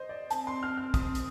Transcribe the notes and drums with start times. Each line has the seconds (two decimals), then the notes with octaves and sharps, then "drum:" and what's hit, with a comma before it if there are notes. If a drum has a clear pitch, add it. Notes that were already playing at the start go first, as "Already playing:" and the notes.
Already playing: C5 D#5
0.09 D5
0.30 C4 A5, drum: hi-hat
0.47 C6
0.63 F6
0.77 F6
0.94 D#6, drum: kick, hi-hat
1.15 drum: hi-hat